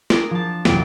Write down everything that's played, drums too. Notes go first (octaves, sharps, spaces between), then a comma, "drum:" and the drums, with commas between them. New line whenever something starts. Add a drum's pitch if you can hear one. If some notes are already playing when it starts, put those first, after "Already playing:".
D4 G#4 A#4 D5, drum: snare
F3 A5
E1 C2 F#2 G3 D7, drum: snare